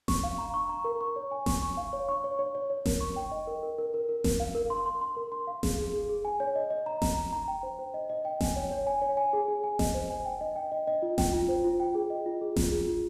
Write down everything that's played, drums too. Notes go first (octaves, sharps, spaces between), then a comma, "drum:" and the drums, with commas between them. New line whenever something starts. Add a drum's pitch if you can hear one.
C#6, drum: snare F1
F5
A#5
C#6
A#5
A#4
C#6
C#5
G#5
C#6, drum: snare F1
C#6
F5
C#5
C#6
C#5
C#5
C#5
C#5
A#4, drum: snare F1
C#6
G5
D#5
A#4
A#4
A#4
A#4
A#4
A#4, drum: snare F1
F5
A#4
C6
C6
C6
A#4
C6
F5
G#4, drum: snare F1
G#4
G#4
G#4
G#5
C#5
D#5
D#5
A#5
A#5, drum: snare F1
A#5
A#5
G5
C5
C5
D#5
D#5
G5
G#5, drum: snare F1
C#5
C#5
G#5
C#5
G#5
G#4
G#4
G#5
D#5, drum: snare F1
C5
G#5
G5
D#5
G5
D#5
D#5
F4
G5, drum: snare F1
F4
C5
F4
G5
G#4
D#5
F4
G#4
F4, drum: snare F1
G#4
F4